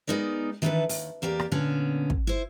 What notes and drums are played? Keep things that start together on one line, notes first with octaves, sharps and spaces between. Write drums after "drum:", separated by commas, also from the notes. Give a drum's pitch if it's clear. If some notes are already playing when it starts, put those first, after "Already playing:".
G#3 B3 D#4 A#4 D5
D#3 E3 D4 E4 A4 B4
D#2, drum: open hi-hat
E2 A#3 G4 D5
drum: rim click
A#2 D3 B3 C#4
drum: kick
E4 C5